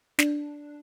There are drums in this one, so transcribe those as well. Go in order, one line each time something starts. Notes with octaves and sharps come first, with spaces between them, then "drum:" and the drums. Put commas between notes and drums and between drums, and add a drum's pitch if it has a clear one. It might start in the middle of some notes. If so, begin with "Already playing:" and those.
D4, drum: snare